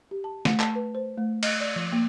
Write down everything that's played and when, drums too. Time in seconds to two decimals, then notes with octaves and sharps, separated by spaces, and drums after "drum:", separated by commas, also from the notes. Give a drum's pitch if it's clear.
0.11 G4
0.24 A5
0.45 A3, drum: snare
0.60 A5, drum: clap
0.75 B4
0.95 C5
1.18 A3
1.43 D#5, drum: cymbal
1.60 D5
1.76 F3
1.92 A#3